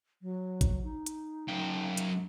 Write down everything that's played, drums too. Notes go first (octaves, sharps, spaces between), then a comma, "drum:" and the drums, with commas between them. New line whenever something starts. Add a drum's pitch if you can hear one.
F#3
drum: kick A1, hi-hat
D#4
drum: hi-hat
F#2 G5
drum: hi-hat